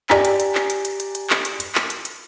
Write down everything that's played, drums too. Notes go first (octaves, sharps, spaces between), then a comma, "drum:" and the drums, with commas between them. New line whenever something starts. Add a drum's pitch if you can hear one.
G4 D5 G#5 A#5 B6, drum: clap
drum: hi-hat
drum: hi-hat
drum: clap
drum: hi-hat
drum: hi-hat
drum: hi-hat
drum: hi-hat
drum: clap
drum: hi-hat
drum: hi-hat
drum: clap
drum: hi-hat
drum: hi-hat